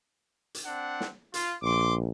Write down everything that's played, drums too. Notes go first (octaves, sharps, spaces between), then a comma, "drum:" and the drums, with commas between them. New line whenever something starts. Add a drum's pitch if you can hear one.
drum: hi-hat
C4 D4 F#5
drum: snare
F4, drum: hi-hat
A#1 C6 D6